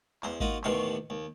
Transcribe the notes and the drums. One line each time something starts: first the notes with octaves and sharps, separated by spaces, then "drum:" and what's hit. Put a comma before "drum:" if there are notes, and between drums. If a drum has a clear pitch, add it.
E2 C5, drum: clap
A#3 D#4 F4 F#4, drum: kick G#1
A1 D#2 B2 D#3 C#5 C6, drum: clap
D#2